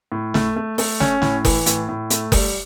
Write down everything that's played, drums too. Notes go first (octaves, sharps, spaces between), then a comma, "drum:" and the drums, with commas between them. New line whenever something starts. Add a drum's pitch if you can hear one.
A2
A3, drum: snare
A3
A3, drum: open hi-hat
C#4, drum: snare
A2, drum: snare
E3, drum: kick F#1, open hi-hat
A2, drum: hi-hat
A2
A3, drum: hi-hat
G3, drum: kick F#1, open hi-hat